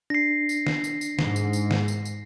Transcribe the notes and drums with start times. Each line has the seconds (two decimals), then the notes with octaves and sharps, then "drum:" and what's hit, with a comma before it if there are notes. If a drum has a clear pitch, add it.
0.10 D4 A#6 C7
0.49 drum: tambourine
0.66 drum: snare
0.84 drum: tambourine
1.01 drum: tambourine
1.19 G#2, drum: snare
1.36 drum: tambourine
1.53 drum: tambourine
1.71 drum: snare
1.88 drum: tambourine
2.05 drum: tambourine